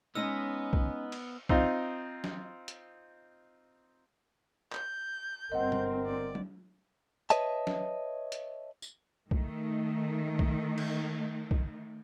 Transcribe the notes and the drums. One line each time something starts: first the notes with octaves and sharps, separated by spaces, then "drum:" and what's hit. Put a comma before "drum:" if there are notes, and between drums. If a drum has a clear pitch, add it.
G#3 B3 C#4 D#4 D#5 E6 F6
drum: kick
drum: cymbal
C4 D#4 F4 D#5, drum: kick
drum: snare F#3
drum: hi-hat
G6, drum: clap
G1 C4 A#4 D#5 F#5
drum: tom
D5
drum: tom
B4 C#5 D#5 E5 A5, drum: hi-hat
drum: snare F#3
drum: hi-hat
drum: tambourine
D#3 A3, drum: kick
drum: kick
drum: cymbal
drum: kick